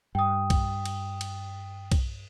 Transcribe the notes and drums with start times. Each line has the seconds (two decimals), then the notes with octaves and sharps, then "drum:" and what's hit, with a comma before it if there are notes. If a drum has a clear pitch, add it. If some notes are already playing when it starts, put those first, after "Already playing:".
0.15 G2 G5 D#6
0.50 drum: kick B1, cymbal
0.85 drum: cymbal
1.21 drum: cymbal
1.92 drum: kick B1, cymbal